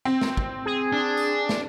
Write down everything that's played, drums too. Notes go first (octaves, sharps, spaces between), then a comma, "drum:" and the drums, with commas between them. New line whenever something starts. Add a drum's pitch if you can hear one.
C4
drum: snare
drum: kick
G#4
D4
drum: tambourine
drum: snare